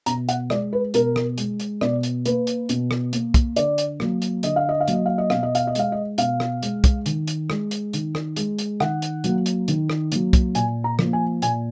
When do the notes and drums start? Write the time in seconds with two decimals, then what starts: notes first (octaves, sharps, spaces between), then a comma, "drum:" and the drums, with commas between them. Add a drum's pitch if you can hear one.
0.06 B2 A#5, drum: hi-hat
0.29 F#5, drum: hi-hat
0.50 G#3 D5, drum: rim click
0.73 B4
0.94 B2 A#4, drum: hi-hat
1.16 drum: rim click
1.38 G#3, drum: hi-hat
1.60 drum: hi-hat
1.81 B2 D5, drum: rim click
2.03 drum: hi-hat
2.25 A#3 B4, drum: hi-hat
2.47 drum: hi-hat
2.69 B2, drum: hi-hat
2.91 drum: rim click
3.13 A#3, drum: hi-hat
3.34 drum: kick, hi-hat
3.56 D3 D5, drum: hi-hat
3.78 drum: hi-hat
4.00 F#3 A#3, drum: rim click
4.22 drum: hi-hat
4.43 D3 D#5, drum: hi-hat
4.56 F5
4.69 D#5
4.80 F5
4.88 F#3 A#3, drum: hi-hat
4.93 D#5
5.06 F5
5.18 D#5
5.30 B2 F5, drum: rim click
5.43 D#5
5.55 F5, drum: hi-hat
5.67 D#5
5.75 G#3 F5, drum: hi-hat
5.92 D#5
6.18 B2 F5, drum: hi-hat
6.40 drum: rim click
6.63 G#3, drum: hi-hat
6.84 drum: kick, hi-hat
7.06 D#3, drum: hi-hat
7.27 drum: hi-hat
7.50 G#3, drum: rim click
7.71 drum: hi-hat
7.93 D#3, drum: hi-hat
8.15 drum: rim click
8.36 G#3, drum: hi-hat
8.59 drum: hi-hat
8.80 D#3 F#5, drum: rim click
9.02 drum: hi-hat
9.24 F#3 A#3, drum: hi-hat
9.46 drum: hi-hat
9.68 D#3, drum: hi-hat
9.90 drum: rim click
10.12 F#3 A#3, drum: hi-hat
10.33 drum: kick, hi-hat
10.55 A#2 G#5, drum: hi-hat
10.84 A#5
10.99 F3 A#3, drum: rim click
11.13 G#5
11.42 A#2 G#5, drum: hi-hat